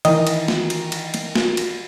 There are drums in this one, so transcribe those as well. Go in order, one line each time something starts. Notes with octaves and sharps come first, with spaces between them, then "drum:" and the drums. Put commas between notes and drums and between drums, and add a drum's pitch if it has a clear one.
D#3 E3 D#5, drum: cymbal
drum: cymbal
drum: snare
drum: cymbal
drum: cymbal
drum: cymbal
drum: snare
drum: cymbal